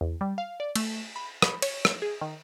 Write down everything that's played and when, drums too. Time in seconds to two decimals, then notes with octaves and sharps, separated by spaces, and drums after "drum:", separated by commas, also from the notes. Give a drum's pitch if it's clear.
0.01 E2
0.21 G3
0.38 F5
0.60 D5
0.76 A3, drum: cymbal
1.16 B5
1.42 B5, drum: rim click
1.62 C#5, drum: cymbal
1.85 drum: rim click
2.02 G#4
2.21 D#3